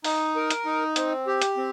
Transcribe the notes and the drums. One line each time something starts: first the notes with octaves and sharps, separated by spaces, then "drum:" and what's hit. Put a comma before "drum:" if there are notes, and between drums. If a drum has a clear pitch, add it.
D#4, drum: open hi-hat
A#4
drum: hi-hat
D#4
C4, drum: hi-hat
G4
drum: hi-hat
C4